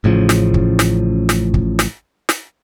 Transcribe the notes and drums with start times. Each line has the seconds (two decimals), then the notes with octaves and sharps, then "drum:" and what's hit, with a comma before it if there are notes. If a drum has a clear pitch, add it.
0.04 A1 A2 C#3 F3
0.29 drum: snare
0.54 drum: kick
0.79 drum: snare
1.29 drum: snare
1.54 drum: kick
1.79 drum: snare
2.29 drum: snare